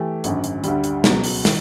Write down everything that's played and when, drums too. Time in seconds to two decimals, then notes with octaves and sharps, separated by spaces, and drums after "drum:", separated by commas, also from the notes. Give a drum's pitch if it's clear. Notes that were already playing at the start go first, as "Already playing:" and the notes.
Already playing: E3 A3 G4
0.24 G#1 F#2 D3, drum: hi-hat
0.44 drum: hi-hat
0.64 D2 D3 G3, drum: hi-hat
0.84 drum: hi-hat
1.04 C#2 B2 F#3, drum: snare
1.24 drum: open hi-hat
1.45 D#3, drum: snare